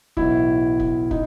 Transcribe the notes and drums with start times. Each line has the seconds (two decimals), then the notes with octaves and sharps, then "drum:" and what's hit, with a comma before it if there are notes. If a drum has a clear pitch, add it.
0.17 B1 A2 E3 E4, drum: kick
0.80 drum: kick
1.11 D#4, drum: kick